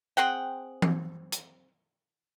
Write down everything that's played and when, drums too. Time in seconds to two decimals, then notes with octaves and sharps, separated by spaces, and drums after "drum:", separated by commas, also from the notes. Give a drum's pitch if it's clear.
0.17 C4 G#4 F#5 G5
0.82 drum: tom E3
1.32 drum: hi-hat